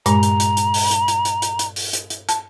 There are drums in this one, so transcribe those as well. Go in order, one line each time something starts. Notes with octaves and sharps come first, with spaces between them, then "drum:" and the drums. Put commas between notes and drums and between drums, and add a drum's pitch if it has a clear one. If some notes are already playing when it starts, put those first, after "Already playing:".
G2 A#2 G#3 A#5, drum: hi-hat
drum: hi-hat
drum: hi-hat
drum: hi-hat
drum: open hi-hat
drum: hi-hat
drum: hi-hat
drum: hi-hat
drum: hi-hat
drum: hi-hat
drum: open hi-hat
drum: hi-hat
drum: hi-hat
A5, drum: hi-hat